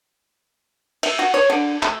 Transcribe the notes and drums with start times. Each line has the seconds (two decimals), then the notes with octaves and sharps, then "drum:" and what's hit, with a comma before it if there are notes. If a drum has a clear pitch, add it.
1.03 E5, drum: cymbal
1.19 F#4
1.34 C#5
1.50 D3
1.83 A3, drum: clap